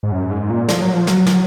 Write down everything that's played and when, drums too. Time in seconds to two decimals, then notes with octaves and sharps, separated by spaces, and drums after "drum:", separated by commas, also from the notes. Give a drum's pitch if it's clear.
0.03 G#2
0.12 F#2
0.31 G#2
0.50 A#2
0.69 F3, drum: snare
0.81 F#3
0.93 F3
1.07 F#3, drum: snare
1.27 drum: snare